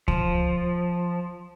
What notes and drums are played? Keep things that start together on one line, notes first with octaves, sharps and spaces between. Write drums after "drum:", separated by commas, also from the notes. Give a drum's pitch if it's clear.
F3, drum: kick C#2